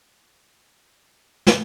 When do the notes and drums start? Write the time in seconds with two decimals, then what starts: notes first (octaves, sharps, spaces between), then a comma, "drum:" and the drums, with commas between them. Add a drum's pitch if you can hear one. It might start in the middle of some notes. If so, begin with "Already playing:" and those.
0.21 A#1 F#2 G#3 C#4 A#5
1.47 drum: snare